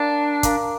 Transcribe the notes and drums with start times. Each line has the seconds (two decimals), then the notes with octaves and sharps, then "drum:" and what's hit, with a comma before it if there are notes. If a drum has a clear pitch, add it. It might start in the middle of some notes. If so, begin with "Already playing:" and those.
Already playing: D4 A#4 F5 A#5 D6
0.43 A#4 F5 A#5 D6, drum: kick, hi-hat